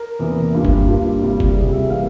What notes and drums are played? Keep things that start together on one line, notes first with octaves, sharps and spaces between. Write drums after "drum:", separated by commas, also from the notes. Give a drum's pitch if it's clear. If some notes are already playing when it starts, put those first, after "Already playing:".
Already playing: A#4
E2 C3 E3 A#3
G2 G3 A#3 F4
drum: kick F#1
G2 G3 A#3 F4
C2 C3 G3 C4 F4
drum: kick F#1
C2 C3 G3 C4 G#4
E5
E3 G3 A#3 F5